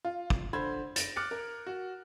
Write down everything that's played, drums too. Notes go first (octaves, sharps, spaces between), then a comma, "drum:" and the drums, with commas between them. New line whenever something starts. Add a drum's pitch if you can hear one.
F4
drum: kick
D3 C5 B5 G#6
A6 A#6 D7, drum: hi-hat
D6 F6 F#6 A6 C#7
A#4
F#4